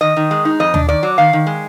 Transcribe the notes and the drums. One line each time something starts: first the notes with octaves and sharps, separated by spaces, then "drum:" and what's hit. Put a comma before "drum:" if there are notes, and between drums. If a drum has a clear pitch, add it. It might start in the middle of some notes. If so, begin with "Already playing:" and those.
D#3 D#5
D#3
G#3
D#4
F2 D#5
D4, drum: tom D#2
D#3 D5
F#3
D#3 F5
D#3
G#3